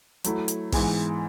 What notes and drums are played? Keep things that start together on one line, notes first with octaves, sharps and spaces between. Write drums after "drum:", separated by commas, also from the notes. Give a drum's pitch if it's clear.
F#3 A3 E4, drum: hi-hat
drum: hi-hat
G#2 E3 G#3 B3, drum: kick, open hi-hat